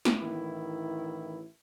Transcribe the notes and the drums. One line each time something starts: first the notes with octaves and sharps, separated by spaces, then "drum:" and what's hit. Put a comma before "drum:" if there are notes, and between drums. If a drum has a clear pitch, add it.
drum: snare
A1 D#3 E4